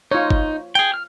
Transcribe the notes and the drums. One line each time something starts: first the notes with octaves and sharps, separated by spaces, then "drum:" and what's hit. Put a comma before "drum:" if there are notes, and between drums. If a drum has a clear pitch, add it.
D#4 F4 C#5
drum: kick
G#4 G5
F6